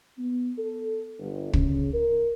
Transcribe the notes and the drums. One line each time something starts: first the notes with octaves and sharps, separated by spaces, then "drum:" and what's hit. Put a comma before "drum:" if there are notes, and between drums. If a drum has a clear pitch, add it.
B3
A4
G1
C#3, drum: kick
A#4